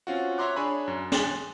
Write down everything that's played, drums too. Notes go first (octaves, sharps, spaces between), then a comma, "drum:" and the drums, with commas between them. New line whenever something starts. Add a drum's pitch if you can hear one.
C4 C#4 F4 F#4
C#5 E5 A#5 C6 D6 F#6
D4 G#4 C#5 G#5 B5
F#2
G#5 C6 A6, drum: snare